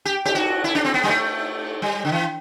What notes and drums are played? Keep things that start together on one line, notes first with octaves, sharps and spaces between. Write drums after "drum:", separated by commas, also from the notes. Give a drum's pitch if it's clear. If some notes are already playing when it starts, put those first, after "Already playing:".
G4
G4, drum: cymbal
F#4
E4
D4
C4
B3
G3
A3
G3
D3
E3